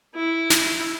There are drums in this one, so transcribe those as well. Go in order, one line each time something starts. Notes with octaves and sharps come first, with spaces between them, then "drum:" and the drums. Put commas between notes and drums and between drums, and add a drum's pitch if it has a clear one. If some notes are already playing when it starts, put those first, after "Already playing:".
E4
drum: snare